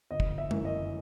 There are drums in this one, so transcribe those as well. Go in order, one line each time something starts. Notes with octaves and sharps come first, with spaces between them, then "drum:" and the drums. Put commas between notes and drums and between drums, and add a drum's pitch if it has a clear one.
G1 D#5
drum: kick
E5
F#2 E3, drum: tom
D#5